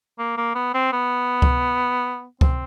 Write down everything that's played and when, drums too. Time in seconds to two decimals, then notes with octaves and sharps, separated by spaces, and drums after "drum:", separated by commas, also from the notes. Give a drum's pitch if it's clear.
0.19 A#3
0.37 A#3
0.55 B3
0.74 C4
0.93 B3
1.42 drum: kick C#2
2.41 C4, drum: kick C#2